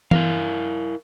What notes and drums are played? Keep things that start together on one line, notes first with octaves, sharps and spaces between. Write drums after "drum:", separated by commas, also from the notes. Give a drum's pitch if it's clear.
E4 A#4 F5, drum: tom E3